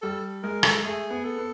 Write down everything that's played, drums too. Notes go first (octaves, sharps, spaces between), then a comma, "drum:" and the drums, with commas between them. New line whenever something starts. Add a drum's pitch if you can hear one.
G3 A4
G#3 A#4
A4, drum: rim click
A3 G#4
B3
A4
B3